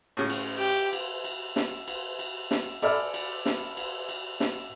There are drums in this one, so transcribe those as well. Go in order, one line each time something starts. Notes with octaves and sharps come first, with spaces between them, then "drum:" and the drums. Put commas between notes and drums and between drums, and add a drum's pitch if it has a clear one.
A2 C#3
drum: cymbal
G4
drum: cymbal
drum: cymbal
drum: snare
drum: cymbal
drum: cymbal
drum: snare
A4 D5 E5 G#5 B5 F6, drum: cymbal
drum: cymbal
drum: snare
drum: cymbal
drum: cymbal
drum: snare